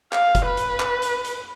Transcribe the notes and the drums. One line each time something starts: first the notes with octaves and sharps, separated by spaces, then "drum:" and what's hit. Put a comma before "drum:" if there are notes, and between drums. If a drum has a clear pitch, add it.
F5, drum: clap
drum: kick, hi-hat
B4
drum: hi-hat
drum: clap
drum: hi-hat
drum: hi-hat